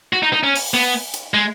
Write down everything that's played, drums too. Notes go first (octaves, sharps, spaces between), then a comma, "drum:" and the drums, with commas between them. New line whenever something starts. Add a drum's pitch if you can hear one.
F#4
D#4
D#4
C#4
drum: open hi-hat
B3
drum: hi-hat
G#3